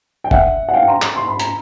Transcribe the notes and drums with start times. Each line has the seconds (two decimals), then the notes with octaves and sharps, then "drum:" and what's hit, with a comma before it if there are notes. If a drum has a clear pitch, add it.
0.24 G5
0.31 E5 F#5, drum: kick F1
0.69 F#5
0.73 F5 G5
0.88 A#5 C6
1.02 drum: clap
1.16 C6
1.28 B5
1.40 A#5, drum: hi-hat